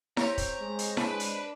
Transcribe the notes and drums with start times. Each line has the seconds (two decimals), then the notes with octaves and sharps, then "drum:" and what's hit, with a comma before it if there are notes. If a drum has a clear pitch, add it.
0.17 C4 G4 C#5 A#5, drum: snare E4
0.38 drum: kick, hi-hat
0.60 G#3
0.79 drum: hi-hat
0.97 D4 B4, drum: snare E4
1.20 drum: hi-hat